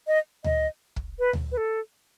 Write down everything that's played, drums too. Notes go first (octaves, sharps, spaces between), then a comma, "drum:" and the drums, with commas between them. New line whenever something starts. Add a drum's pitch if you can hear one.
D#5
D#5, drum: tom D2
drum: kick
B4
drum: tom D2
B4
A4